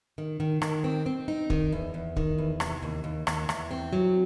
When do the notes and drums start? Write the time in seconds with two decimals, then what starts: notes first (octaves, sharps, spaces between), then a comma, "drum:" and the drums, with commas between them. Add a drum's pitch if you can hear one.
0.18 D#3
0.40 D#3
0.62 D#3, drum: rim click
0.84 C4
1.06 C4
1.28 D#4
1.50 D#3, drum: kick
1.72 E2
1.94 E2
2.17 D#3, drum: kick
2.38 E2
2.60 C3, drum: rim click
2.82 D#2
3.04 D#2
3.27 D#2, drum: rim click
3.49 E2, drum: rim click
3.71 C4
3.93 F#3